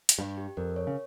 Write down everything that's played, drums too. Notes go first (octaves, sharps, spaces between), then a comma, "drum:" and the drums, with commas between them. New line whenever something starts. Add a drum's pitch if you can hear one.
drum: hi-hat
G2 G4
G4
F2 A#4
C#5
C#3